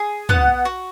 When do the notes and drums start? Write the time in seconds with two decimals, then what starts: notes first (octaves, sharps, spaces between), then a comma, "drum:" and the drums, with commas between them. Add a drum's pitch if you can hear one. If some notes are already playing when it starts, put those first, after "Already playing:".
Already playing: G#4
0.29 B3 F#5, drum: tom
0.65 F#4